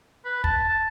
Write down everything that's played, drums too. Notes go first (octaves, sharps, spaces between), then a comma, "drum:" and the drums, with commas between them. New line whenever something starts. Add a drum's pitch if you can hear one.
B4
A5, drum: kick
A5